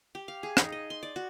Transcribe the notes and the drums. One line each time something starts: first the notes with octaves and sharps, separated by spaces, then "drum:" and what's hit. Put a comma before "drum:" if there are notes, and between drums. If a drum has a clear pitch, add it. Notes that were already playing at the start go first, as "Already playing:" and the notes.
G4
F5
G#4
D#4, drum: rim click
D#5
C6
D5
F#4